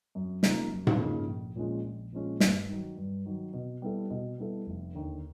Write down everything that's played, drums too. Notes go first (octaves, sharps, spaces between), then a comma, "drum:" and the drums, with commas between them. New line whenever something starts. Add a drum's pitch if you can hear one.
F#2
C#3 F3 A#3 D#4, drum: snare
F#2
drum: tom G#2
C#3 F3 A#3 D#4
A#1
A#2 F3 G#3 C#4
A#1
A#2 F3 G#3 C#4
G2, drum: snare
D#3 F#3
G2
D#3 F#3
B2
G3 B3 E4 A4
B2
G3 B3 E4 A4
F1
D#2 D3